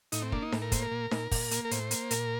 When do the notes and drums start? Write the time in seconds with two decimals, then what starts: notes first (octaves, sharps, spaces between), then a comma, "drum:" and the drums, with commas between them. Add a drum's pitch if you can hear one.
0.12 A2 D#4, drum: hi-hat
0.22 C4
0.32 A#3 D4, drum: kick
0.42 D#4
0.52 A2, drum: snare D#4
0.62 A#4
0.72 A#3 C5, drum: kick, hi-hat
0.82 A#4
0.91 A#2
1.11 A#2, drum: snare D#4
1.31 A#2, drum: kick, open hi-hat
1.51 A#3, drum: hi-hat
1.65 A#4
1.71 A2 C5, drum: hi-hat
1.91 A#3, drum: hi-hat
2.11 A#2 A#4, drum: hi-hat